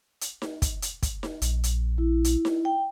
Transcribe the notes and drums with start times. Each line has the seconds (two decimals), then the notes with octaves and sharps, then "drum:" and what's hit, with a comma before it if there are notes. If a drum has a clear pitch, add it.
0.21 drum: hi-hat
0.42 drum: snare D#4
0.62 drum: kick, hi-hat
0.82 drum: hi-hat
1.03 drum: kick, hi-hat
1.23 drum: snare D#4
1.42 A#1, drum: hi-hat
1.64 drum: hi-hat
1.98 E4
2.24 drum: hi-hat
2.45 drum: snare D#4
2.65 G5